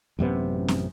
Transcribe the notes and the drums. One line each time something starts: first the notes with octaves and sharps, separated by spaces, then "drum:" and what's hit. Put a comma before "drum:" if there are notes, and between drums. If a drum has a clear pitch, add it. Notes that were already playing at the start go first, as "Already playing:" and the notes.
A1 F#2 C3 B3
drum: snare C4